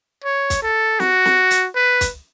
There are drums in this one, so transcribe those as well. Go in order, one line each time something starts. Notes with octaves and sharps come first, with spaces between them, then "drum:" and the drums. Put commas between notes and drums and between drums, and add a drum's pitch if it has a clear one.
C#5
drum: kick, hi-hat
A4
F#4, drum: snare
drum: snare
drum: hi-hat
B4
drum: kick, hi-hat